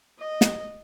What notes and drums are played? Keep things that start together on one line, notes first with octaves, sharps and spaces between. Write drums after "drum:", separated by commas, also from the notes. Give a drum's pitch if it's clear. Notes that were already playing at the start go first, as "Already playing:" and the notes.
D#5
drum: snare